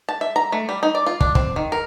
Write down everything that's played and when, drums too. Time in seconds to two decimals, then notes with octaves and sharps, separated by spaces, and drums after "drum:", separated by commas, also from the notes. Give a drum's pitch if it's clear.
0.09 A5
0.21 E5
0.36 A#5
0.52 A3
0.69 G3
0.83 D#4
0.95 D5
1.07 F4
1.21 D4, drum: kick
1.35 C4, drum: kick
1.56 D#3
1.72 A#4